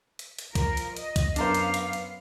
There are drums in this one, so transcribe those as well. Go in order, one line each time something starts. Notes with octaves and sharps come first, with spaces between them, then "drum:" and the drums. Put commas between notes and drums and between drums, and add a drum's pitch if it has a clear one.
drum: hi-hat
drum: hi-hat
F3 A#4, drum: kick C2, hi-hat
drum: hi-hat
D#5, drum: hi-hat
drum: kick C2, hi-hat
F#2 B3 D4 A#4 C5 F5, drum: hi-hat
drum: hi-hat
drum: hi-hat
drum: hi-hat